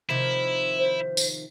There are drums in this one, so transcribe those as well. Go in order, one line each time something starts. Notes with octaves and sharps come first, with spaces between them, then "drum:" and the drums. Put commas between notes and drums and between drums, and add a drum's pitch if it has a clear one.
C3 D#3 F3 E4
C5
drum: tambourine